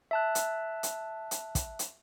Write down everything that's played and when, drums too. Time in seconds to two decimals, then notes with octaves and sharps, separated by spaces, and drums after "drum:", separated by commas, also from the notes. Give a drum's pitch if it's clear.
0.11 E5 A5 F#6
0.35 drum: hi-hat
0.83 drum: hi-hat
1.31 drum: hi-hat
1.55 drum: kick, hi-hat
1.79 drum: hi-hat